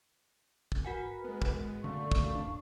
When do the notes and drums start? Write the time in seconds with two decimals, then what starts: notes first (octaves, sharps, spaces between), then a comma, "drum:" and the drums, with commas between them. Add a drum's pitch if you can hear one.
0.72 drum: kick
0.85 F#4 A#4 B4 F#5 G#5
1.24 G#3 B3
1.42 drum: kick
1.84 F#2 D3 A3 D5 F5 C#6
2.11 drum: kick
2.35 D#1 D4